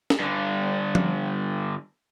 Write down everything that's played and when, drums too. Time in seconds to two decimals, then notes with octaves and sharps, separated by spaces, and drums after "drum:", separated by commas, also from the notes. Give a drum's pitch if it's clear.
0.10 drum: snare
0.20 G2 D3
0.95 drum: tom F3